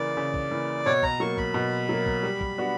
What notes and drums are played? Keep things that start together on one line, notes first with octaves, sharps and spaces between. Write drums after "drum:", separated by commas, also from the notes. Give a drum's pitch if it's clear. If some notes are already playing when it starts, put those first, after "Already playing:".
Already playing: C#3 E3 A#3 D5
C#3
drum: kick
E3 A#3
B2 C#5
A#5, drum: kick
F#3 A#3 C#6
B5, drum: kick
B2
F#3 A#3
drum: kick
G3
drum: kick
B3 D4 F#4